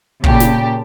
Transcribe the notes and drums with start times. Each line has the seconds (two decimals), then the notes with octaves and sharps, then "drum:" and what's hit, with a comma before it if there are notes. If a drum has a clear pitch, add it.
0.24 A#2 C#3 G4 A5, drum: kick
0.40 drum: snare